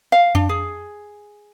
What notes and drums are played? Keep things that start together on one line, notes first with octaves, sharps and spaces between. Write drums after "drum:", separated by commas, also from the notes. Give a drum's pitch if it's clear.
F5
D4, drum: tom F2
G#4